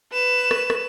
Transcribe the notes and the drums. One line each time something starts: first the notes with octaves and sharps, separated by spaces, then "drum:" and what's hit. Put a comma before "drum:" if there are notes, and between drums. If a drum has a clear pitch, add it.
B4 E7
drum: rim click
drum: rim click